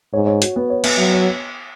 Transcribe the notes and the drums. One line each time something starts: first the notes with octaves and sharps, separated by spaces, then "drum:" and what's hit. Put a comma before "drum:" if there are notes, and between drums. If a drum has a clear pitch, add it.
G#2 C#5
C#5
F#4, drum: hi-hat
B3
C#5
B3, drum: cymbal
F#3 E5
C#5